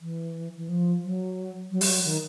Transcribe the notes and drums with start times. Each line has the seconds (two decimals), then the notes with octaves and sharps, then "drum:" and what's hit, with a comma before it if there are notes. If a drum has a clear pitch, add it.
0.01 E3
0.57 E3
0.69 F3
1.03 F#3
1.71 F#3
1.81 G3, drum: open hi-hat
1.87 F#3
2.05 D#3